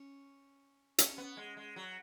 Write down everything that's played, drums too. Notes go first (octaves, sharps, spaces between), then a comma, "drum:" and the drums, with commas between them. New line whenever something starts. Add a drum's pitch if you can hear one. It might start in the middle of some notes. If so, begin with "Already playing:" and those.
Already playing: C#4
C#4, drum: hi-hat
B3
G#3
G#3
F#3